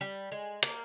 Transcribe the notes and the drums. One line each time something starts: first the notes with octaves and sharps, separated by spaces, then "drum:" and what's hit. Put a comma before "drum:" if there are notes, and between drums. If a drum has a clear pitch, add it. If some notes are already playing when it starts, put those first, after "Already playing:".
G3
G#3
A#3, drum: hi-hat